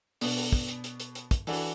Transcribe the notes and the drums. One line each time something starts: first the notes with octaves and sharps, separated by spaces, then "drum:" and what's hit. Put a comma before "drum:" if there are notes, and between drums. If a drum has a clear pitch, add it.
B2 B3 D4, drum: open hi-hat
drum: open hi-hat
drum: kick
drum: hi-hat
drum: hi-hat
drum: hi-hat
drum: hi-hat
drum: kick, hi-hat
E3 D4 F#4 A4, drum: open hi-hat